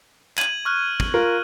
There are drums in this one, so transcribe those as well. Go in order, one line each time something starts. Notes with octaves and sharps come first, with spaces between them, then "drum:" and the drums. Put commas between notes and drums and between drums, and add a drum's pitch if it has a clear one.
G#6 D#7 F#7, drum: clap
C#6 F6 F#6
drum: kick
F4 A#4